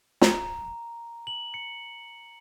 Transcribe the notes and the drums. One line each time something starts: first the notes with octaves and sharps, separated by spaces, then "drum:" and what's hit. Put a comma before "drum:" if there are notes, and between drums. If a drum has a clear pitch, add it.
A#5, drum: snare
F#7
C#7